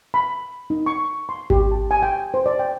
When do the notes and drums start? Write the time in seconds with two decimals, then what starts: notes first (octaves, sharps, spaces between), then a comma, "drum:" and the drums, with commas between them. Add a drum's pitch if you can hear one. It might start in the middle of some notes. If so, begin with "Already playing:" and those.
0.14 B5
0.70 D#4
0.86 C#6
1.29 C6
1.50 G4, drum: kick G#1
1.71 A5
1.91 G#5
2.03 G5
2.34 C5
2.46 D5
2.59 G5